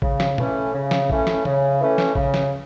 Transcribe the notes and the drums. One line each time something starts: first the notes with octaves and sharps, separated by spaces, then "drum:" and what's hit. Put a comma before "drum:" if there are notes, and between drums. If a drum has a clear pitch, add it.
C#3, drum: kick A#1
drum: snare
E3 A3 C#4, drum: tom
C#3
drum: snare
E3 A3 C#4, drum: kick A#1
drum: snare
C#3, drum: tom
E3 A3 C#4
drum: snare
C#3, drum: kick A#1
drum: snare